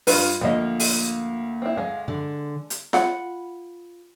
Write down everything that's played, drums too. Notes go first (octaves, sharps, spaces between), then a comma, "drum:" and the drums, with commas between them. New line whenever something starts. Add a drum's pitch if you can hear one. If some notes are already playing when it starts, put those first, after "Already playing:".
G2 F4 B4, drum: open hi-hat
D2 F3 A#3 F4 D#5
drum: open hi-hat
C4 E4
G#3 F5
D3
drum: hi-hat
F4 F#5 B5, drum: snare F4